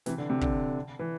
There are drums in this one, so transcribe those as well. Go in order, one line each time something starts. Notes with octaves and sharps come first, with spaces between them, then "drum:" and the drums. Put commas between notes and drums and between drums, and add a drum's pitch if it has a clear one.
C3 E3, drum: snare
D3
C3
D3, drum: kick
E3